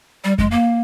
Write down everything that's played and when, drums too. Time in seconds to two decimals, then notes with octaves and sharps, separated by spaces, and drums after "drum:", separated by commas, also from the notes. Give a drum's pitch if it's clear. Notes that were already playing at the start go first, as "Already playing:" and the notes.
0.24 G3
0.38 G#3, drum: kick F2
0.51 A#3